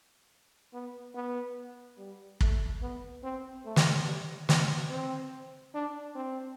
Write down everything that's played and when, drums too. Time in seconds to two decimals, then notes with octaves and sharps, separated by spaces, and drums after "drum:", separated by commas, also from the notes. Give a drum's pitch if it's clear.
0.73 B3
1.15 B3
1.98 G3
2.41 A3, drum: kick
2.82 B3
3.23 C4
3.66 A3
3.76 drum: snare
4.06 G3
4.49 B3, drum: snare
4.90 C4
5.74 D4
6.15 C4